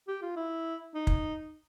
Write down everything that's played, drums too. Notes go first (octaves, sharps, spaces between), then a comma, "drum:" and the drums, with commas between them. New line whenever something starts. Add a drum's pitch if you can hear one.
G4
F4
E4
D#4
drum: kick